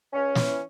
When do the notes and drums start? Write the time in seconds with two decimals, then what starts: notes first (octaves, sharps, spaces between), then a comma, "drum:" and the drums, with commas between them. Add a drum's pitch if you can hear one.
0.13 C#2 C#4
0.35 E3, drum: snare